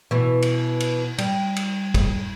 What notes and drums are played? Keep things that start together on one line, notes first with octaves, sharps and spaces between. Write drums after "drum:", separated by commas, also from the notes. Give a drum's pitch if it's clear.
B2 E3
drum: cymbal
drum: cymbal
G3, drum: cymbal
drum: cymbal
drum: kick, cymbal